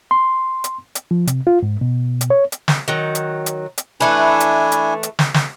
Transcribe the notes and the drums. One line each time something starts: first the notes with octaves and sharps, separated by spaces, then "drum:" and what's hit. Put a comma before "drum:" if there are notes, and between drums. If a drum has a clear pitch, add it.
C6
drum: hi-hat
drum: hi-hat
F3
C3, drum: hi-hat
F4
G#2
B2
drum: hi-hat
C#5
drum: hi-hat
drum: snare
D#3 F#3
drum: hi-hat
drum: hi-hat
drum: hi-hat
E3 A3 D4 E4 B4 G#5
drum: hi-hat
drum: hi-hat
drum: hi-hat
drum: snare
drum: snare